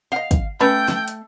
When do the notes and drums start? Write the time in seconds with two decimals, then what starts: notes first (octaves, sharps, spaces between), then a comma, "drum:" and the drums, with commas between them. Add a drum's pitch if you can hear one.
0.12 D#5 F5 F#5
0.31 drum: kick, hi-hat
0.60 A3 C#4 B4 G5 B5
0.88 drum: snare
1.08 drum: hi-hat